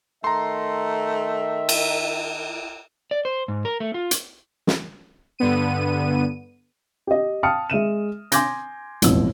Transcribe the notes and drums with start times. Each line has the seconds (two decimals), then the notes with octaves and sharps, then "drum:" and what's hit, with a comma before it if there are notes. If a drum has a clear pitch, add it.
0.24 D#3 A3 E5 A#5 C6
1.69 drum: cymbal
3.11 D5
3.25 C5
3.48 G#2
3.65 A#4
3.80 A3
3.94 F4
4.11 drum: hi-hat
4.67 drum: snare
5.39 G2 D3 B3 D#7
7.07 G4 D#5
7.43 F5 G5 A5 D#6 F6 C#7
7.70 G#3 E5 D#7 E7
8.32 G#5 C6 D6 G6 G#6 A#6, drum: hi-hat
9.02 E1 A1 F2 E6, drum: hi-hat